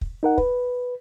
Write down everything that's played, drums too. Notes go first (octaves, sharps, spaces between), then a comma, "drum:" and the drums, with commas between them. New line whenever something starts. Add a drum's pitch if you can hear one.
drum: kick
D#4 A#4 F#5
B4, drum: kick